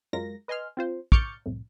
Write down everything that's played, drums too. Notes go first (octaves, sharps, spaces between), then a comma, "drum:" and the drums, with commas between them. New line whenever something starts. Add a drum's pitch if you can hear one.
F#2 F#3 G#3 F4 A#4 A#6
B4 D#5 G#5 C6 F6
C4 F4 C5
C#6 D6 F6 G6 A6 C#7, drum: kick
C2 F2 A2